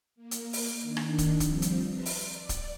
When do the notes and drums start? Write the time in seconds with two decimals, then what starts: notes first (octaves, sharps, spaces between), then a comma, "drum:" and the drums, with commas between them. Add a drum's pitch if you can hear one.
0.15 A#3
0.31 drum: hi-hat
0.53 drum: open hi-hat
0.81 D#3 D4
0.97 drum: rim click
1.18 drum: kick, hi-hat
1.40 F3 G3 C4, drum: kick, hi-hat
1.62 drum: hi-hat
1.88 B4 E5 A5 A#5 C6
2.06 drum: open hi-hat
2.20 D5
2.49 drum: kick, hi-hat